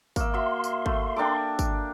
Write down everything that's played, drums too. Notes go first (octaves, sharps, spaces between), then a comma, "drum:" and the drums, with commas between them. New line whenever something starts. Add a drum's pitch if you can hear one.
A#3 E5 C#6, drum: kick, tambourine
F#4 E5 C6
drum: tambourine
A3, drum: kick
D4 A4 A#4 G5 D6
drum: kick, tambourine